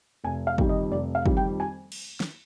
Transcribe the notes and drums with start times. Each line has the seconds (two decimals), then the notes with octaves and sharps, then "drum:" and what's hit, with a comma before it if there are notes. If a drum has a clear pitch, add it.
0.24 F1 G#5
0.47 F5
0.58 F2 D#3 G3, drum: kick
0.69 D#5
0.91 F1 D5
1.15 F5
1.26 F2 D#3 G3, drum: kick
1.37 G5
1.60 G#5
1.92 drum: cymbal
2.20 drum: snare